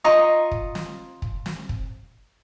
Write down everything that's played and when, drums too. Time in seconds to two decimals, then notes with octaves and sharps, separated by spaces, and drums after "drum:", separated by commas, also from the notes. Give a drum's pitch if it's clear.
0.04 F4 D#5 A#5 C#6
0.52 drum: kick
0.75 drum: snare
1.22 drum: kick
1.46 drum: snare
1.69 drum: kick